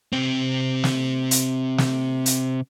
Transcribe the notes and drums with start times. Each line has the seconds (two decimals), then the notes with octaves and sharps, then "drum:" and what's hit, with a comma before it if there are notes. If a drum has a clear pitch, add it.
0.13 C3 C4
0.84 drum: snare
1.31 drum: hi-hat
1.78 drum: snare
2.26 drum: hi-hat